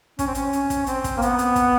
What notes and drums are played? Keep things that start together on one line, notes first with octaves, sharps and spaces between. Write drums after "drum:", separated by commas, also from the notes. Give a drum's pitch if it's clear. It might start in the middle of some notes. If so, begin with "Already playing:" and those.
C#4, drum: kick, hi-hat
C4
C#4, drum: hi-hat
drum: hi-hat
drum: kick, hi-hat
C4, drum: hi-hat
drum: kick, hi-hat
A#3
B3, drum: hi-hat
drum: hi-hat
drum: kick, hi-hat